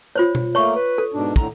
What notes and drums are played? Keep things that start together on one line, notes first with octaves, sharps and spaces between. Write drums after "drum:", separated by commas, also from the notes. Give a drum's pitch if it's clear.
F4 C5 C#5
drum: tom B2
A3 A#3 C#5 C#6
B4
A4
G#2 B2 D4
A2 D3 A#5, drum: kick